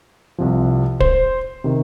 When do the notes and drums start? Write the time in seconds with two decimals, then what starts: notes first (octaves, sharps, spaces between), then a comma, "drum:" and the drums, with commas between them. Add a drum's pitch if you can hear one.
0.38 C2 C3 F3
1.00 C5, drum: kick
1.64 C3 D#3